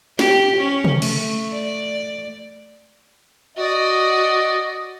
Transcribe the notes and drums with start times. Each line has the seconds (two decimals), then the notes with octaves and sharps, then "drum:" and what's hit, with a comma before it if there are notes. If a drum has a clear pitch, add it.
0.19 G4, drum: snare
0.57 C#4
0.85 drum: tom C3
1.02 A3, drum: cymbal
1.53 D5
3.57 F#4 D5 D#5